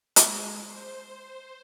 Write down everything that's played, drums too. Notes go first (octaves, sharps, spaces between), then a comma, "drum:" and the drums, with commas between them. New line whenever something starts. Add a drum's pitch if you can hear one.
G#3, drum: hi-hat
C5